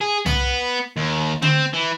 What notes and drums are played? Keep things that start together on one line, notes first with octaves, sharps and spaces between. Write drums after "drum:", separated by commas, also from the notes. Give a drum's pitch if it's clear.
G#4
B3, drum: tom
D#2
C4, drum: tom D3
E3